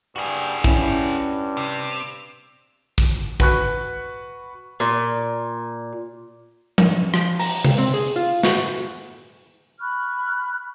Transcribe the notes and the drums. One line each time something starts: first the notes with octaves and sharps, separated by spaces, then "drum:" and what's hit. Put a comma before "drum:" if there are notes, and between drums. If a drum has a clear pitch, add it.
G2 F#4 G#4
G2 C#4 E4, drum: kick
C3
drum: kick
F#4 B4 B5 C#6 F#6, drum: kick
A#2
drum: tom F3
F3, drum: rim click
A#5, drum: open hi-hat
F5, drum: tom C3
C4
G#4
F4
F#4, drum: snare
B5 C#6 F6 F#6